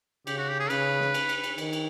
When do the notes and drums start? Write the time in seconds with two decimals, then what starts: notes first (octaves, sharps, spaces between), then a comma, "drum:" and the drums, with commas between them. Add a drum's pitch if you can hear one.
0.27 C#3 G4, drum: cymbal
0.38 F#4
0.49 G4
0.60 G#4
0.70 C#3 B4, drum: cymbal
1.00 drum: snare
1.14 drum: cymbal
1.29 drum: cymbal
1.44 drum: cymbal
1.58 D#3, drum: cymbal
1.73 drum: cymbal